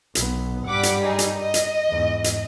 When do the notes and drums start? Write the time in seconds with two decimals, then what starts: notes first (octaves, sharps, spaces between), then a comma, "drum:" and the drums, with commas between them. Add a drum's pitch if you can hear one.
0.15 B1 B3, drum: hi-hat
0.66 G2 G3 F#5 D6 B6
0.83 drum: hi-hat
1.03 D#4 G#4
1.19 drum: hi-hat
1.40 D#5
1.54 drum: hi-hat
1.89 E2 G#2
2.24 drum: hi-hat